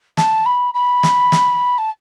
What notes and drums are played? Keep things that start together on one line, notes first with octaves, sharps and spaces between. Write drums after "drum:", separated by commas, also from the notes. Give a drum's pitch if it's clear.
A5, drum: snare
B5
B5
drum: snare
drum: snare
A5